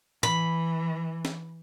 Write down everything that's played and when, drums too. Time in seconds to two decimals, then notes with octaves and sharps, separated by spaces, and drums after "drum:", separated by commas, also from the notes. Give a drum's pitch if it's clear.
0.23 E3 B5, drum: tom A2
1.25 drum: snare